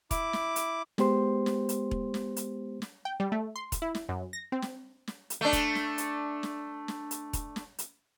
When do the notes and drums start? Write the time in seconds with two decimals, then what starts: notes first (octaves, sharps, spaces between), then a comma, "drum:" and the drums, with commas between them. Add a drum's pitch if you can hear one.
0.11 E4 D6, drum: kick E1, hi-hat
0.33 drum: snare
0.56 drum: hi-hat
0.98 G#3 B3 G4 C5 C6, drum: snare
1.46 drum: snare
1.69 drum: hi-hat
1.91 drum: kick E1
2.14 drum: snare
2.37 drum: hi-hat
2.82 drum: snare
3.05 G5
3.20 G3
3.32 A3
3.56 C6
3.72 drum: kick E1, hi-hat
3.82 E4
3.95 drum: snare
4.09 F#2
4.33 A#6
4.52 C4
4.62 drum: snare
5.08 drum: snare
5.30 drum: hi-hat
5.41 A3 D4
5.53 drum: kick E1, hi-hat
5.75 drum: snare
5.98 drum: hi-hat
6.43 drum: snare
6.88 drum: snare
7.11 drum: hi-hat
7.33 drum: kick E1, hi-hat
7.56 drum: snare
7.79 drum: hi-hat